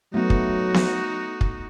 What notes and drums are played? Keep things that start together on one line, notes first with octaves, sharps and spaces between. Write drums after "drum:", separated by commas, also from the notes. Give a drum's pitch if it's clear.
F#3 A3 B3 D#4 F#4
drum: kick
drum: snare B3
drum: kick